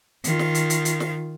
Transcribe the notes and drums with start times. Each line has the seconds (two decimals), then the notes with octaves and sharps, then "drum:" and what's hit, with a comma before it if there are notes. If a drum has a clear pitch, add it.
0.24 D#3 F4, drum: hi-hat
0.39 drum: snare
0.55 drum: hi-hat
0.70 drum: hi-hat
0.85 drum: hi-hat
1.00 drum: snare